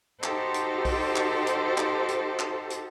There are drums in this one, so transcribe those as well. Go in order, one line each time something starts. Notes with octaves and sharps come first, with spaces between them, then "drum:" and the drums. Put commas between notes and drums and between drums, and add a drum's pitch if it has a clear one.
D#4 F#4 G4 A4 C5, drum: clap
drum: hi-hat
drum: kick, open hi-hat
drum: clap
drum: hi-hat
drum: clap
drum: hi-hat
drum: clap
drum: hi-hat